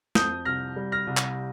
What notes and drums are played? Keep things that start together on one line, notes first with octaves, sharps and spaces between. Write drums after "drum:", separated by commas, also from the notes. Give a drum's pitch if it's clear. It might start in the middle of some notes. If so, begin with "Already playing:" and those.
F2 D#6 G6, drum: snare
C2 F6 A#6
G3
F6 A#6
C2
drum: clap